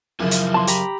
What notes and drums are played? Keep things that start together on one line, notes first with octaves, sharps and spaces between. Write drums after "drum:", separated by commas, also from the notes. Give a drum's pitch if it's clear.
F#2 C#3 F3 E4
drum: hi-hat
A5 C6
G4 A#5 B5, drum: hi-hat